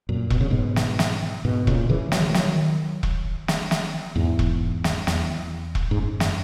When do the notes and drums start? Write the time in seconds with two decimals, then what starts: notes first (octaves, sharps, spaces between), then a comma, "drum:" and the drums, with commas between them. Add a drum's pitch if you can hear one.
0.09 F#2 A#2
0.30 B2, drum: kick E1
0.41 C#3
0.50 G#2 B2
0.76 drum: snare
0.99 drum: snare
1.45 G#2 B2
1.67 A#2 C#3, drum: kick E1
1.89 C#3 E3
2.12 D#3 F#3, drum: snare
2.31 G#3
2.34 D#3 F#3, drum: snare
3.03 drum: kick E1
3.48 drum: snare
3.71 drum: snare
4.16 E2 G#2
4.39 drum: kick E1
4.84 drum: snare
5.07 E2, drum: snare
5.75 drum: kick E1
5.91 G#2
5.98 F#2
6.20 drum: snare